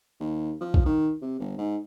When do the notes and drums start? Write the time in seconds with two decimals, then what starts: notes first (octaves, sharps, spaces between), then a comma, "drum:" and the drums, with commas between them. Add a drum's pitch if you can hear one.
0.20 D#2
0.61 F3
0.74 drum: kick
0.86 D#3
1.21 C3
1.40 G1
1.58 G#2